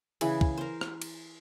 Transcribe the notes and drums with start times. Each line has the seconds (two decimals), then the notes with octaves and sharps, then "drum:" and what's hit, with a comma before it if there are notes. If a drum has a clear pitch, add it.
0.21 C#3 E3 G#4 B5, drum: cymbal
0.41 drum: kick
0.58 A#4 C5
0.81 drum: rim click
1.02 drum: cymbal